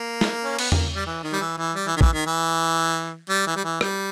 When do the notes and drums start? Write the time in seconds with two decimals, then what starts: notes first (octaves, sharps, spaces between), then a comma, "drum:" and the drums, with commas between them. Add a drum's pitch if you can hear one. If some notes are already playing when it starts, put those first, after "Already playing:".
Already playing: A#3
0.21 drum: snare
0.44 C#4
0.59 B3, drum: cymbal
0.72 A#3, drum: tom E2
0.95 G3
1.06 E3
1.23 D#3
1.33 G3
1.40 E3
1.57 E3
1.75 G3
1.87 E3
1.97 D#3
2.01 E3, drum: kick
2.13 D#3
2.26 E3
3.30 G3
3.47 E3
3.56 G3
3.64 E3
3.81 G3, drum: rim click